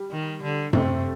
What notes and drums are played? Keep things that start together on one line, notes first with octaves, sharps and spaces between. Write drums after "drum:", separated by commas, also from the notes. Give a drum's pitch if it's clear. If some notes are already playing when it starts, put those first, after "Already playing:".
Already playing: G3
D#3
D3
C3 A3 C4, drum: tom F#2